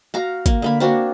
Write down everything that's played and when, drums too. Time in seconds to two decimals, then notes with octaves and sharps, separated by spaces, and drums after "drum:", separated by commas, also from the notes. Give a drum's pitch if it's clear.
0.14 F#4 F5 A#5
0.46 A#3, drum: kick, hi-hat
0.62 D3 A#3 B5
0.80 A#3 C4 D4 F#4